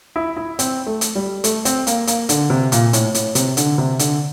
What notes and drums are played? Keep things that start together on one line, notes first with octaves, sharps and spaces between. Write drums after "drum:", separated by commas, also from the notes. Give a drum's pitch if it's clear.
E4
E4
C4, drum: hi-hat
A3
drum: hi-hat
G3
A3, drum: hi-hat
C4, drum: hi-hat
A#3, drum: hi-hat
A#3, drum: hi-hat
D3, drum: hi-hat
C3
A#2, drum: hi-hat
A2, drum: hi-hat
A2, drum: hi-hat
C3, drum: hi-hat
D3, drum: hi-hat
C3
D3, drum: hi-hat